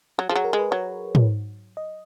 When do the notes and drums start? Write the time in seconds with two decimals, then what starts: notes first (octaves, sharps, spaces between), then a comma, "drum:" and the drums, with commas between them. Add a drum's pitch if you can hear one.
0.18 F#3 F#4
0.29 F3 G#4
0.36 F#3
0.44 A#4
0.53 G#3
0.59 B4
0.71 F#3 C#5
1.15 drum: tom
1.77 D#5